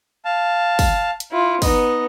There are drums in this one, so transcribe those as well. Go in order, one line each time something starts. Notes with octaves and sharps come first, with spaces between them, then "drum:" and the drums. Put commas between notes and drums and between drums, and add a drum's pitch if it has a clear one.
F5 A5
drum: kick, open hi-hat
drum: hi-hat
E4 F4
B3 D#4 D#5, drum: kick, open hi-hat